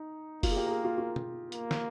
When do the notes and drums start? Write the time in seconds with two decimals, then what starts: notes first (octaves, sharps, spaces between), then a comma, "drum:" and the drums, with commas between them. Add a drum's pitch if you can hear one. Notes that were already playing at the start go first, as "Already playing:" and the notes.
Already playing: D#4
0.43 A#3 F4, drum: kick F1, open hi-hat
0.51 G#4
0.57 G4
0.66 A#4
0.70 G#4
0.84 F4
0.98 F4
1.16 drum: tom B2
1.52 A#3, drum: hi-hat
1.71 drum: snare